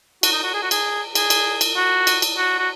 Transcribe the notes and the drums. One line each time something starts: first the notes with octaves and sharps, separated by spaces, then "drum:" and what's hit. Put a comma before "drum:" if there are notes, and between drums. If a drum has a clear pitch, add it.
F#4, drum: cymbal
D#4
F#4
G#4
F#4
G#4, drum: cymbal
G#4, drum: cymbal
drum: cymbal
drum: cymbal
F#4
drum: cymbal
drum: cymbal
F#4
F#4